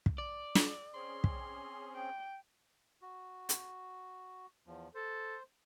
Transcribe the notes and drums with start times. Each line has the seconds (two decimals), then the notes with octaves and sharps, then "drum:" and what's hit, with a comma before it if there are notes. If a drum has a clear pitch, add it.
0.06 drum: kick
0.18 D5
0.55 drum: snare
0.94 C4 C#4 G#4 C6
1.24 drum: kick
1.96 G5
3.02 F#4
3.49 drum: hi-hat
4.67 E2 F3
4.95 A4 C5